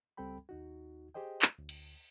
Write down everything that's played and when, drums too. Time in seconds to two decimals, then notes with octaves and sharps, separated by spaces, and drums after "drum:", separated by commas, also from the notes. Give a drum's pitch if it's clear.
0.17 C#2 G3 C4 A4 G5 B5
0.49 D#2 D#4 F#4
1.14 G4 G#4 C5 D#5 G5
1.42 drum: clap
1.59 D2
1.69 drum: cymbal